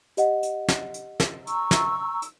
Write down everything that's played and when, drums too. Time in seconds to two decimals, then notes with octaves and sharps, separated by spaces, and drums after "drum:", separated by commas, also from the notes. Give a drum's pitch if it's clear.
0.17 G4 D#5 F#5, drum: hi-hat
0.43 drum: hi-hat
0.68 drum: snare
0.94 drum: hi-hat
1.20 drum: snare
1.47 A#5 C#6 E6, drum: hi-hat
1.71 drum: snare
2.22 drum: hi-hat